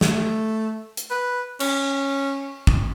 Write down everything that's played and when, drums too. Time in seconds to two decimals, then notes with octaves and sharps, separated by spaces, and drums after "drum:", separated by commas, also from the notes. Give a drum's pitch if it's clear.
0.01 A3, drum: snare
0.97 drum: hi-hat
1.11 B4
1.60 C#4, drum: cymbal
2.67 drum: kick